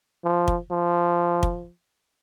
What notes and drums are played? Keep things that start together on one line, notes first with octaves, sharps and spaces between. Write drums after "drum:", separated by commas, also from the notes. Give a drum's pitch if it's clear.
F3
drum: kick
F3
drum: kick